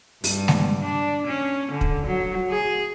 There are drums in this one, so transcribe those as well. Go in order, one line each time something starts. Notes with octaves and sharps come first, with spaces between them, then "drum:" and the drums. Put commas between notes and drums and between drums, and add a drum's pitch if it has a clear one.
G2, drum: open hi-hat
drum: snare G#3
D4
C#4
D3
drum: kick
F#3
G#4